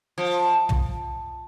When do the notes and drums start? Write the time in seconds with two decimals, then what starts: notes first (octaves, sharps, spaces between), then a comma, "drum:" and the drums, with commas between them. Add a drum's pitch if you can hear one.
0.18 F3
0.69 drum: tom